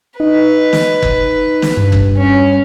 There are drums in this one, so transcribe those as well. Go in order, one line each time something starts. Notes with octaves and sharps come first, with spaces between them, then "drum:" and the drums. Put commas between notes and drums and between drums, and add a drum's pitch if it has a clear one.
D#4 B4
drum: snare
drum: kick G1
drum: snare
G2
drum: kick G1
C#4